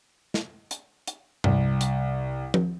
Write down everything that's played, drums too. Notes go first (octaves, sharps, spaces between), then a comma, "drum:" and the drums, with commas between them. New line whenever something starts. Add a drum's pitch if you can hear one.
drum: snare
drum: hi-hat
drum: hi-hat
C2, drum: tom G2
drum: hi-hat
drum: tom